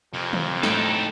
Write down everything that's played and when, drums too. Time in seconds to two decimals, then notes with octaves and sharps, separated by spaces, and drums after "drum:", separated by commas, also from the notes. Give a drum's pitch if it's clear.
0.14 F2 C3 A#3
0.33 drum: tom
0.63 A2 G#3 D#4 A4 G5, drum: snare